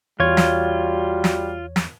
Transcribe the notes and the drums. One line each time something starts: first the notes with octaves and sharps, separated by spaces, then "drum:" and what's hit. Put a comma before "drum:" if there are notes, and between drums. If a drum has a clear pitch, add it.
E2 G3 F4 F#4 C#5 G#6
drum: snare
drum: snare
drum: snare